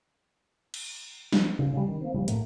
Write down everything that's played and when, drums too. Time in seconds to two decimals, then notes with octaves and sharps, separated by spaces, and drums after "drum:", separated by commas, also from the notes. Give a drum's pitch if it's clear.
0.74 drum: cymbal
1.33 drum: snare
1.59 C#3
1.73 C#3 F#3 G3
1.88 D#3
2.01 A#3 C4
2.14 C#3 E3 F3 G3
2.28 A2 F#3 A3 A#3, drum: hi-hat